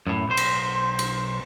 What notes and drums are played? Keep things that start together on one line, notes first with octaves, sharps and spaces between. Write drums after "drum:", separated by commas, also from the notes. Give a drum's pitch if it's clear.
F#2 A2
B1 C5
drum: cymbal
drum: cymbal